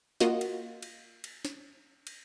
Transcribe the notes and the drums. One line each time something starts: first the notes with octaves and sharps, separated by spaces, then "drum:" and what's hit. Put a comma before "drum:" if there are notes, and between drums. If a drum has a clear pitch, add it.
A#3 F4 F#4 D#5, drum: snare
drum: cymbal
drum: cymbal
drum: cymbal
drum: snare
drum: cymbal